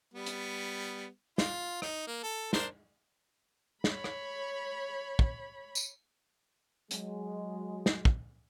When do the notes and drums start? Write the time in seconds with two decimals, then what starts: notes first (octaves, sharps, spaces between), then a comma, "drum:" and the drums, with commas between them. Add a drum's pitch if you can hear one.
0.14 G3 B3
0.26 drum: hi-hat
1.38 F4, drum: snare
1.82 D#4, drum: rim click
2.07 A#3
2.23 A4
2.53 D4 A#4 C5, drum: snare
3.84 C#5 B5, drum: snare
4.04 drum: rim click
5.19 drum: kick
5.75 drum: tambourine
6.91 F#3 G#3, drum: hi-hat
7.86 drum: snare
8.05 drum: kick